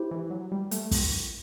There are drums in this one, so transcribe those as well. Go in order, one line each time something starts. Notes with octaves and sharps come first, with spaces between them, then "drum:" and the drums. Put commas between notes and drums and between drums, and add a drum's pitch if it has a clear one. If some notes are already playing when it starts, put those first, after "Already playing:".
Already playing: E4 G4 C5
E3
F#3
G3
A3, drum: hi-hat
drum: kick, open hi-hat